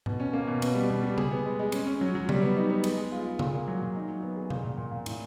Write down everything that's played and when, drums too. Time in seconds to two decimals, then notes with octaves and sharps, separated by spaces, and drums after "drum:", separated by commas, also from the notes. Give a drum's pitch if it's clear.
0.06 B2, drum: tom G#2
0.20 C#4
0.33 A#3
0.48 B2
0.62 B2, drum: cymbal
0.75 G3
0.90 B2
1.03 G3
1.18 G#4, drum: tom C#3
1.31 B3
1.45 G#3
1.59 G#3
1.72 C#4, drum: cymbal
1.87 C#4
2.01 F#3
2.15 F#3
2.29 G3, drum: tom C#3
2.42 B3
2.57 D#4
2.70 B3
2.84 G#3, drum: cymbal
2.97 G#3
3.12 F4
3.26 G#3
3.39 A#2, drum: tom C#3
3.54 A#3
3.68 F#3
3.82 A#2
3.95 D#4
4.08 F#3
4.23 B3
4.36 G#4
4.50 A#2, drum: tom C3
4.64 A#2
4.78 A#2
4.92 A#2
5.06 A2, drum: cymbal